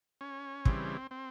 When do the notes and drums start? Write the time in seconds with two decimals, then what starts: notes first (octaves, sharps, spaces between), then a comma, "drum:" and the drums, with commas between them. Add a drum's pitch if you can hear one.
0.21 C#4
0.65 C#3 E3 G3 C4, drum: kick
1.11 C4